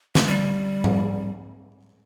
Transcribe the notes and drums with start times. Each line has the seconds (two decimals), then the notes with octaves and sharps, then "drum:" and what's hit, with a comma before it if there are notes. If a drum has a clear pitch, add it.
0.15 A3, drum: snare
0.27 G3
0.84 drum: tom G#2